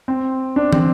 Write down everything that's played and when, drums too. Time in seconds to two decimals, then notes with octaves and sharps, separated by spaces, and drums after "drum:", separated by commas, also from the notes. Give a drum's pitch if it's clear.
0.08 C4
0.56 D4
0.73 C4, drum: tom